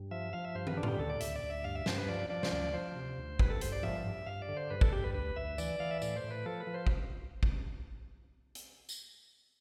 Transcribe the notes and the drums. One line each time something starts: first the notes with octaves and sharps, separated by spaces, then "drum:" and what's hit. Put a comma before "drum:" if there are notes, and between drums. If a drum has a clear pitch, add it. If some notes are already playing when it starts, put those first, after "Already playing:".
Already playing: G2
F3 E5
F3 F5
E5
G2 C5
B4, drum: tom
D3 D4
F4, drum: tom A2
G4
D2 A4
D5
D2 E5, drum: hi-hat
D5
D2
E5
G2 F5
E5
G2 C5, drum: snare
B4
F3 D5
F3 D5
C5, drum: snare
D2 D5
F3 C5
C3
D2
G2 B4, drum: kick
A4
G2 C5, drum: hi-hat
D5
F3 E5, drum: tom G#2
G2
G2 F5
D5
D3
C5
G2 B4
A4, drum: kick
G2 G4
B4
D2 B4
D2 E5
E3 D5, drum: tambourine
E3 F5
E5
A2 D5, drum: tambourine
C5
A2
B4
F3 A4
B4
F3
C5
drum: kick
drum: kick
drum: hi-hat
drum: tambourine